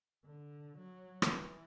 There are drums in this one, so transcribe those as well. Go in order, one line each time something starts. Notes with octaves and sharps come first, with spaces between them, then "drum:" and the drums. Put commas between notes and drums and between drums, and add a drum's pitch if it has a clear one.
D3
F#3
drum: rim click
E3